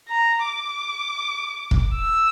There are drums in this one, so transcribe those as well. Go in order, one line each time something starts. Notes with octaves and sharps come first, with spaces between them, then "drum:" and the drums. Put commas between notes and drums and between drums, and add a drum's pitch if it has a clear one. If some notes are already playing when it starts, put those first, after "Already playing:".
A#5
D6
drum: kick
E6